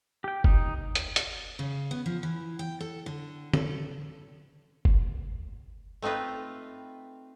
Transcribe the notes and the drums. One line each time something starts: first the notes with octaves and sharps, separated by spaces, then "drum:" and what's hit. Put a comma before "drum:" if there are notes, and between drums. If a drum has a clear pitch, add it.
G4 G5
D#4, drum: kick
drum: hi-hat
drum: hi-hat
C#3
B3
F3
E3
G5
A4
D3
A4, drum: tom
drum: kick
A3 C4 D#4 F4 B4